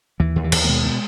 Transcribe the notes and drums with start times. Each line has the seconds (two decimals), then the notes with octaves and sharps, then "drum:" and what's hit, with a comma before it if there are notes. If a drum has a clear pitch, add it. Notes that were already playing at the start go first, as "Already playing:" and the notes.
0.20 D#2 E3
0.36 D#2
0.44 E3
0.52 D#2, drum: cymbal
0.64 A#3
0.68 B2 G#3
0.85 B2